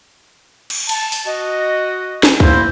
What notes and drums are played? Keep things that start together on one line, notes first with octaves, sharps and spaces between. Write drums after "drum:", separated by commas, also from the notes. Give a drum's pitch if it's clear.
drum: cymbal
A5, drum: cymbal
drum: open hi-hat
F#4 D#5
drum: snare
E2 A#3 E4 C5, drum: kick